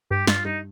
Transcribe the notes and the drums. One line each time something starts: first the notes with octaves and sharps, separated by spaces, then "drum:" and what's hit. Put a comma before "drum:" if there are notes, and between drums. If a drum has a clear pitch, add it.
G2 G4
G2 F4, drum: snare
G2 D#4